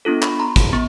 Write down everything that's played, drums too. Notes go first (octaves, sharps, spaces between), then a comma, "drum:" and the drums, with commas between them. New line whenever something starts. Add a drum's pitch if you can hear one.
B3 D4 F4 A4
B5 C#6, drum: clap
A#5 C6
drum: kick, hi-hat
B3 C#6